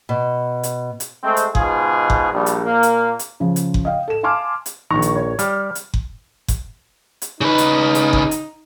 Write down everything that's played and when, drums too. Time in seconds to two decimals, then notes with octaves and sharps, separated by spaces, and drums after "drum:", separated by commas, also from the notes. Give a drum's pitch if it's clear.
0.09 B2
0.63 drum: hi-hat
1.00 drum: hi-hat
1.22 G#3 A3 C4
1.37 drum: hi-hat
1.55 G#2 B2 F4 G#4, drum: kick F#1
2.10 drum: kick F#1
2.32 A#1 G3
2.46 drum: hi-hat
2.65 A#2 A#3
2.83 drum: hi-hat
3.19 drum: hi-hat
3.40 C#3 F3
3.56 drum: hi-hat
3.74 drum: kick F#1
3.85 D#5 F5 G5
4.08 A4 E7
4.23 F5 G#5 A5 C6 D6 F6
4.66 drum: hi-hat
4.90 A#1 D#3 A#5 C#6
5.02 drum: hi-hat
5.16 C#5
5.39 G3 F6, drum: hi-hat
5.75 drum: hi-hat
5.94 drum: kick F#1
6.48 drum: kick F#1, hi-hat
7.22 drum: hi-hat
7.41 C#3 D#4 B4
7.58 drum: hi-hat
7.95 drum: hi-hat
8.13 drum: kick F#1
8.31 drum: hi-hat